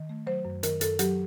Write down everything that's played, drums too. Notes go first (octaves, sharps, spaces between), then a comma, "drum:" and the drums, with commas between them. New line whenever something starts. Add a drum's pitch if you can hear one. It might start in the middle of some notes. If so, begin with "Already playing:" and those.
Already playing: D#3
A3
F#3 C5
F#2
D#3 A#4, drum: hi-hat
F#2 A4, drum: hi-hat
F#3 G4, drum: hi-hat